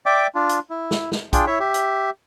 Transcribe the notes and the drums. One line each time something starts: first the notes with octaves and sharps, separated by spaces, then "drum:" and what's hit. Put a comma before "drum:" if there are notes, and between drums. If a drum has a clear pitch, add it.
D5 E5 G5 D6
D4 F4
drum: hi-hat
E4
drum: snare
drum: snare
D4 F4 G#4 G5, drum: kick B1, hi-hat
E4 C#5 E5
G4 E5
drum: hi-hat